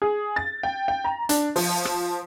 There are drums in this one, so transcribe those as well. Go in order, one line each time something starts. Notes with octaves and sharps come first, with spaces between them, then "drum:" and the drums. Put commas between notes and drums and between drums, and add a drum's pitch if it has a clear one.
G#4
A6
G5
G5
A#5
D4, drum: hi-hat
F3, drum: open hi-hat
drum: rim click